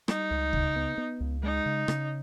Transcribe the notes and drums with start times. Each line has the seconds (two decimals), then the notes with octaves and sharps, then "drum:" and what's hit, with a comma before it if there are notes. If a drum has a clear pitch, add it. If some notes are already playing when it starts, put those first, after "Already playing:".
0.08 G3 D#4, drum: rim click
0.31 C#2
0.53 C#3, drum: kick D2
0.76 B3
0.98 B3
1.20 C#2
1.43 G#3 D#4
1.66 C#3
1.88 C#3, drum: rim click